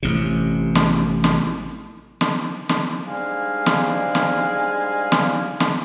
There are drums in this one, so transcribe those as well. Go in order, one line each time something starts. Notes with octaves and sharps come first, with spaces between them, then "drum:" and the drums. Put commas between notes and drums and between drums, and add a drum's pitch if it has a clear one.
A1 C3
drum: snare
drum: snare
drum: snare
drum: snare
G#2 G3 G#3 D4 F5 G#5
drum: snare
drum: snare
drum: snare
drum: snare